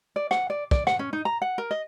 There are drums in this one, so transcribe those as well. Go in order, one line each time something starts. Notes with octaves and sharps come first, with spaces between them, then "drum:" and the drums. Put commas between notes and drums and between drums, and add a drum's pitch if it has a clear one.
D5
F#5, drum: rim click
D5
D5, drum: kick
F#5, drum: rim click
C#4
D#4
A#5
F#5
A#4
D#5